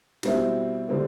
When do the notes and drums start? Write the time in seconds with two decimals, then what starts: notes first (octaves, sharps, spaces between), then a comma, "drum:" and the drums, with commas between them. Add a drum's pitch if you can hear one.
0.23 B2 G3 C4 E4, drum: snare
0.89 D3 G3 C4